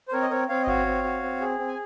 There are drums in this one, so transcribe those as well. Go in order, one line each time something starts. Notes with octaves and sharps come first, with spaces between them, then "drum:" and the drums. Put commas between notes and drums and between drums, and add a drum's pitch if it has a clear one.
C5
C4 A#4 C#5
D#5
C4 A#4 C#5
C4 C#5 F5
D#5
F#4 C#5 F5, drum: kick G1
C4
F#4
C4
G#4
C4
G#5